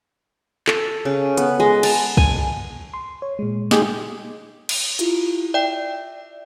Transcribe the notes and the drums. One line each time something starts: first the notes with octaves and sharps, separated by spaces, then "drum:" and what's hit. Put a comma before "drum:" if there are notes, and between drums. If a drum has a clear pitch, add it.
A4, drum: clap
C#3
B3, drum: hi-hat
G#3
A5, drum: cymbal
G#5, drum: kick
C6
C#5
A#2 G#3
G#3 D#4 G4 G#4, drum: snare
drum: cymbal
E4 F4 G4, drum: hi-hat
D5 E5 G5